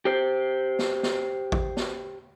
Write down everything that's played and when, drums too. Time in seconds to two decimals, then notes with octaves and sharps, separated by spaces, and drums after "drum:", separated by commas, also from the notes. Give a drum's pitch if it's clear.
0.05 G4 C5
0.79 drum: snare
1.03 drum: snare
1.52 drum: kick A1
1.77 drum: snare